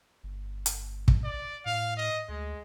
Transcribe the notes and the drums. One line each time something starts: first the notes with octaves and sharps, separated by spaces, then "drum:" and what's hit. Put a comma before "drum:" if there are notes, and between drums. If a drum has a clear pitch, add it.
G1
drum: hi-hat
drum: kick
D5
A2 F5
D#5
D2 G#3